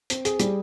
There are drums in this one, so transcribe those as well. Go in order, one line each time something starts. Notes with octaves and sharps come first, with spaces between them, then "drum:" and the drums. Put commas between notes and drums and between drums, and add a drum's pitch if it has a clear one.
C4, drum: hi-hat
G#4, drum: hi-hat
G3, drum: hi-hat